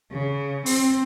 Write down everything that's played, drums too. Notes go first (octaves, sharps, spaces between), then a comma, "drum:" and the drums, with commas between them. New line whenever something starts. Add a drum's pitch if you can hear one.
C#3
C4, drum: open hi-hat